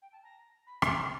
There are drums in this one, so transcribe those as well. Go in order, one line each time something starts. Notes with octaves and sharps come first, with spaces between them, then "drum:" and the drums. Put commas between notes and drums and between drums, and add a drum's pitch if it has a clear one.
G5
A5
A#5
B5
drum: rim click
A#5